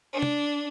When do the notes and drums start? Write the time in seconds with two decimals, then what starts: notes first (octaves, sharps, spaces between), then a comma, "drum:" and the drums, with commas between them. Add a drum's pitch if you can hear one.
0.12 D4
0.22 drum: tom